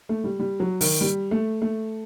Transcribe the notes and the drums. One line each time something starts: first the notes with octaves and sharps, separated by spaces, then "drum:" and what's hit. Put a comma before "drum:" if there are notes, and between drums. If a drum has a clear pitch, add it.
A3
G3
G3
F#3
D#3, drum: open hi-hat
G3
A3
A3